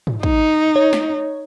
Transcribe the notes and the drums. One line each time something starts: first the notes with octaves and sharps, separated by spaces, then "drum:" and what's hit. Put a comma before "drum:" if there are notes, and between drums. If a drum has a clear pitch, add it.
drum: tom
D#4, drum: kick
C#5
drum: snare